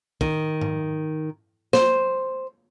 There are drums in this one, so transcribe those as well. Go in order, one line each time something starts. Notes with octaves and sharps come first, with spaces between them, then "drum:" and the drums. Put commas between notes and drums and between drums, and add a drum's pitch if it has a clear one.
D#3, drum: kick
drum: tom G#2
C5, drum: snare A#3